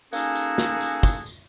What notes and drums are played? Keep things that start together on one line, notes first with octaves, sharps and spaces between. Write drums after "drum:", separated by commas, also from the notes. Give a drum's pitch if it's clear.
A#3 C#4 D#4 F#4 G#4 A4, drum: tambourine
drum: tambourine
drum: snare
drum: tambourine
drum: kick, tambourine
drum: tambourine